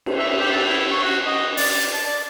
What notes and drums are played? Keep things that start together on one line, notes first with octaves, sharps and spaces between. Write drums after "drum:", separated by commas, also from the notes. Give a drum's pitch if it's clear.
drum: cymbal
E5
G4
A4
E4
C#6
F#4
D#5
D5, drum: open hi-hat
D5
A5
D5